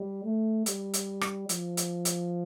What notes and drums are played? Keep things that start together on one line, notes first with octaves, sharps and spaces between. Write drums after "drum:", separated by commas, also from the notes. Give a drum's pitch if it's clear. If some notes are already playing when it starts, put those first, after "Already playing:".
Already playing: G3
A3
G3, drum: hi-hat
drum: hi-hat
drum: rim click
F3, drum: hi-hat
drum: hi-hat
drum: hi-hat